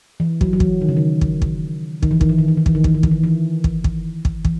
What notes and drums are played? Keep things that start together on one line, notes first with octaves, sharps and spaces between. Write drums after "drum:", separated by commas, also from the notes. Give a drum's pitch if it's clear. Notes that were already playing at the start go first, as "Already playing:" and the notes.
E3
F#3, drum: kick
F#3
E3, drum: kick
D#3
C#3
D#3
drum: kick
drum: kick
D#3, drum: kick
E3
D#3, drum: kick
E3
D#3
E3
D#3
E3, drum: kick
D#3
E3, drum: kick
D#3
E3, drum: kick
D#3
E3
drum: kick
drum: kick
drum: kick
E3, drum: kick